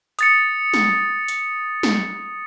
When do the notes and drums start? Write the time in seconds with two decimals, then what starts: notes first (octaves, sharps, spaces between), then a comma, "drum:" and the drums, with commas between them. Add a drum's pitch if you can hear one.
0.19 D#6 A6 C#7, drum: hi-hat
0.74 drum: snare
1.28 drum: hi-hat
1.83 drum: snare